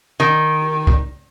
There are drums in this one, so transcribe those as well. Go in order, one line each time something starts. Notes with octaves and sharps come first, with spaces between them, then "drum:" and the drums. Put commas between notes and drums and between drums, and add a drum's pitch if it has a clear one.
D#3
drum: kick